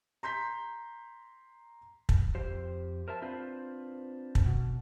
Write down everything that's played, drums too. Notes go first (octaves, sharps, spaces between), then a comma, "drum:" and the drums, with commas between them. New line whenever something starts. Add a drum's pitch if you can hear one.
A#5 C6 G6 B6
drum: kick
F2 G4 C5
A#4 C5 E5 A5
C4 D4 F4 B4 C5
drum: kick
B2